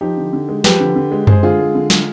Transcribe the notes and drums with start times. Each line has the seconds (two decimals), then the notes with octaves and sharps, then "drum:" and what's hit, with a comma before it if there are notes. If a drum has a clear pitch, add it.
0.01 F3 D#4 G4
0.17 D3
0.33 D3
0.49 G#3
0.64 F3 G4 B4, drum: snare
0.80 D3
0.96 D3
1.12 G#3
1.27 G#3 G#4 C5, drum: tom F#2
1.43 D3 F4 G#4
1.59 G#3
1.75 D3
1.90 G#3, drum: snare